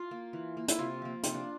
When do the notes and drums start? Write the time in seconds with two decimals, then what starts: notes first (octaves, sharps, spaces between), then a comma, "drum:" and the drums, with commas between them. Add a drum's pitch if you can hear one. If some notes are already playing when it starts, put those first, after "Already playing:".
Already playing: F4
0.11 A#3
0.33 E3
0.57 A#3
0.68 E4, drum: hi-hat
0.79 C3 F4
1.02 F3 A#3
1.23 C3 F4, drum: hi-hat
1.34 D4